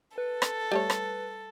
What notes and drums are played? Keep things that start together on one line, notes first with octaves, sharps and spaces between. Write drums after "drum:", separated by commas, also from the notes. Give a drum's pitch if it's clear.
A4 B4
drum: rim click
G3 A3 C#5
drum: rim click